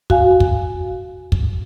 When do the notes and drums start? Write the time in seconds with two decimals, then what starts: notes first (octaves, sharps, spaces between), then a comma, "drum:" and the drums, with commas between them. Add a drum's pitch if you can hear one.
0.10 F#4 F5 G#5, drum: kick
0.40 drum: kick
1.32 drum: kick